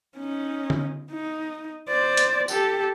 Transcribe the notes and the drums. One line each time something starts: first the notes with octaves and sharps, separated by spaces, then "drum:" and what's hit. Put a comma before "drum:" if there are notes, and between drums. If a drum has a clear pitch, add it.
C#4 D#4
drum: tom D3
D#4
C5 D5
drum: hi-hat
G4 A4, drum: tambourine